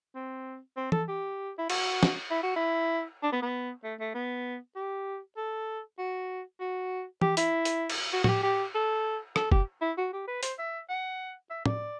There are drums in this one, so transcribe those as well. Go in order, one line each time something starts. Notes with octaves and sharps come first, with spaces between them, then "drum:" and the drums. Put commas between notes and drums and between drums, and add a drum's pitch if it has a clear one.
C4
C4
A4, drum: tom E3
G4
E4
F#4, drum: cymbal
drum: snare
E4
F#4
E4
D4
B3
B3
A3
A3
B3
G4
A4
F#4
F#4
G4, drum: tom E3
E4, drum: hi-hat
drum: hi-hat
drum: cymbal
F#4
F#4, drum: tom A2
G4
G4
A4
A4, drum: rim click
G4, drum: kick
E4
F#4
G4
B4
C5, drum: hi-hat
E5
F#5
E5
D5, drum: tom